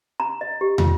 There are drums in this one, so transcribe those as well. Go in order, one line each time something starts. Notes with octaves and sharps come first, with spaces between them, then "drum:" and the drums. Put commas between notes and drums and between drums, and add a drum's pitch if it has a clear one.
A#5
D#5
G4
F4, drum: tom